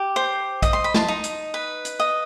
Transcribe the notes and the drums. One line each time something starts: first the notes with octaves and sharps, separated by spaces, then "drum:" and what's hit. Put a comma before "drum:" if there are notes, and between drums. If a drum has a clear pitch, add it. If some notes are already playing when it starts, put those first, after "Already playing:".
Already playing: G4
C5
D#5 D#6, drum: kick, hi-hat
C6
B5
A5 C6, drum: snare
D#4
drum: hi-hat
B4
drum: hi-hat
D#5